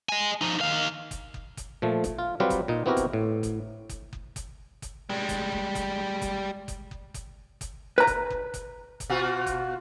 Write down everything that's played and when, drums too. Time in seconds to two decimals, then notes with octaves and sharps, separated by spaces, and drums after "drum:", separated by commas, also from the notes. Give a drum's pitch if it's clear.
0.09 D#5 G#5
0.41 F3 D#4
0.61 D#3 F5
1.11 drum: kick F#1, hi-hat
1.34 drum: kick F#1
1.57 drum: kick F#1, hi-hat
1.82 A#2 F3 A3
2.04 drum: kick F#1, hi-hat
2.19 F4
2.40 F#3 G3 C4 F4 G4 B4
2.50 drum: kick F#1, hi-hat
2.68 A#2 D#4
2.86 B3 C4 E4 F#4 G4 A#4
2.97 drum: kick F#1, hi-hat
3.13 A2
3.43 drum: kick F#1, hi-hat
3.90 drum: kick F#1, hi-hat
4.13 drum: kick F#1
4.36 drum: kick F#1, hi-hat
4.82 drum: kick F#1, hi-hat
5.09 G3 G#3
5.29 drum: kick F#1, hi-hat
5.52 drum: kick F#1
5.75 drum: kick F#1, hi-hat
6.22 drum: kick F#1, hi-hat
6.68 drum: kick F#1, hi-hat
6.91 drum: kick F#1
7.14 drum: kick F#1, hi-hat
7.61 drum: kick F#1, hi-hat
7.98 B4 A#5
8.07 drum: kick F#1, hi-hat
8.31 drum: kick F#1
8.54 drum: kick F#1, hi-hat
9.00 drum: kick F#1, hi-hat
9.09 B2 F4 F#4
9.47 drum: kick F#1, hi-hat